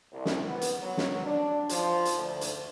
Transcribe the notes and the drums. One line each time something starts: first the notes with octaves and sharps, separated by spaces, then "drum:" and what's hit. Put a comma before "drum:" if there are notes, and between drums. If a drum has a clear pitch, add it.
C2
drum: snare
B3
drum: hi-hat
F#3
drum: snare
D4
F3, drum: hi-hat
drum: hi-hat
D2
drum: hi-hat